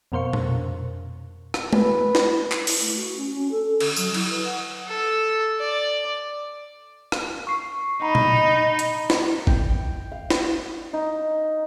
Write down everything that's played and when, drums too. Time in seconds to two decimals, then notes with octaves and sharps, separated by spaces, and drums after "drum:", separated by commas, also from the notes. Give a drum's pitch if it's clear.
0.12 F2 B2 A#4 C5 F5 C#6
0.33 drum: tom A#2
1.54 drum: rim click
1.73 B4, drum: tom G#3
2.15 drum: snare
2.52 drum: clap
2.67 E4, drum: open hi-hat
2.81 A3
2.96 F#4
3.17 C#4
3.34 C#4
3.51 A4
3.80 D3, drum: cymbal
3.96 F#3, drum: tambourine
4.14 E4, drum: cymbal
4.30 B4
4.45 F#5
4.87 A4
5.59 D5
7.12 drum: rim click
7.47 C#6 C7
8.02 D#4 F#5 A#5 B5
8.15 drum: tom A#2
8.79 drum: hi-hat
9.10 drum: snare
9.47 G5, drum: kick
10.12 F5
10.30 drum: snare
10.93 D#4